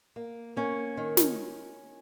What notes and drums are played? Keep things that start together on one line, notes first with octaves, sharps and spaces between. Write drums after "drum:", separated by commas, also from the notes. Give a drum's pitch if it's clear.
A#3
A#3 C#4
D#3
drum: snare